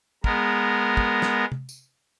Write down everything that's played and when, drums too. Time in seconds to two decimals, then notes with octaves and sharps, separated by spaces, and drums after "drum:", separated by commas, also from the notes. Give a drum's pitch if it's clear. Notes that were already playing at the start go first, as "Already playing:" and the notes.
0.24 G#3 B3 A#4, drum: kick
0.97 drum: kick
1.22 drum: snare
1.52 drum: tom C3
1.69 drum: tambourine